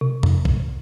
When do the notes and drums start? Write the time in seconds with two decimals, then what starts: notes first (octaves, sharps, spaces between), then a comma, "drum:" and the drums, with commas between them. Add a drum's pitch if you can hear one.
0.01 C3
0.23 drum: tom F2
0.45 drum: kick A#1